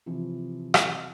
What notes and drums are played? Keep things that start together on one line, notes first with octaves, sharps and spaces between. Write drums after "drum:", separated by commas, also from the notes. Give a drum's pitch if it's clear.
C3 E3 F3
drum: rim click